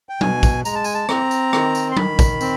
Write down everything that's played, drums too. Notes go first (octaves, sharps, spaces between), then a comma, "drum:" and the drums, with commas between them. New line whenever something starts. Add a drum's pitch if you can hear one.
G5
B2 G#5, drum: tom F#3
drum: kick, tambourine
G#3 A#5, drum: tambourine
A5
G#5, drum: tambourine
A5
C4 A#5, drum: rim click
drum: tambourine
D#3, drum: rim click
drum: tambourine
C6
D#3 B5, drum: tom F#3
drum: kick, tambourine
C4, drum: tambourine